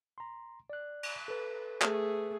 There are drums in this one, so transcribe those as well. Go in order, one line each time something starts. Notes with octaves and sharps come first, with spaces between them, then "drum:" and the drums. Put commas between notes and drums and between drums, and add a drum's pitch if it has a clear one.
A#5 C6
D5 F#6
drum: cymbal
A4 B4
A3 G#4, drum: clap